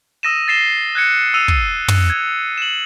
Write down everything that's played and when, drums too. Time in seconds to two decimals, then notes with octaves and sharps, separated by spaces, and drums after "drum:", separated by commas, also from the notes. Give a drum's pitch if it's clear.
0.23 D#6 E6 A#6 D#7 E7
0.48 A6 A#6 C7 E7 G7
0.95 F#6 G#6 C#7
1.34 E6 D#7 F7
1.48 drum: kick
1.88 drum: tom
2.10 G#6
2.58 E7 F#7